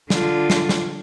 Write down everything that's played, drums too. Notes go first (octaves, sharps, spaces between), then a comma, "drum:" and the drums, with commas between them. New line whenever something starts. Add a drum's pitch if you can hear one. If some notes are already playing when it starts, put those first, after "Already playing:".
D3 F4, drum: snare
drum: snare
drum: snare